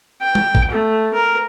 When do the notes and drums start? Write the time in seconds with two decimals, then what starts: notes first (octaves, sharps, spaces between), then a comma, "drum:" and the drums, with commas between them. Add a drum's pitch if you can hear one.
0.22 G5
0.35 drum: tom G3
0.55 drum: kick A1
0.71 A3
1.13 A#4